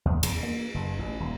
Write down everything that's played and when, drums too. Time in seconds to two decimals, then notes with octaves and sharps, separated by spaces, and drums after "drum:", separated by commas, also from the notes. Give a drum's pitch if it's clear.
0.05 D#2
0.23 E2, drum: cymbal
0.43 A#3
0.74 F#1
0.99 A1
1.20 D#1